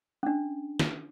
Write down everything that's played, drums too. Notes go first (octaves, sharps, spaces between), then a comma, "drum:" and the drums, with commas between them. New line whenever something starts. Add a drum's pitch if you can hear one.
C#4 D4
drum: snare